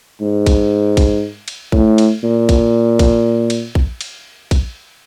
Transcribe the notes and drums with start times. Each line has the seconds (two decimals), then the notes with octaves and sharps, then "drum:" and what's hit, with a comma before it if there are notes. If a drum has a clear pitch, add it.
0.21 G#2
0.46 drum: kick A#1, cymbal
0.97 drum: kick A#1, cymbal
1.48 drum: cymbal
1.72 A2, drum: kick A#1
1.98 drum: cymbal
2.24 A#2
2.49 drum: kick A#1, cymbal
2.99 drum: kick A#1, cymbal
3.50 drum: cymbal
3.75 drum: kick A#1
4.01 drum: cymbal
4.51 drum: kick A#1, cymbal